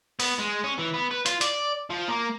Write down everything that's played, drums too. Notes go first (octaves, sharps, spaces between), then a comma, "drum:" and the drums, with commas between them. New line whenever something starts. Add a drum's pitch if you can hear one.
B3, drum: open hi-hat
G#3
C#4
E3
B3
B4
F4, drum: hi-hat
D5, drum: hi-hat
F3
A#3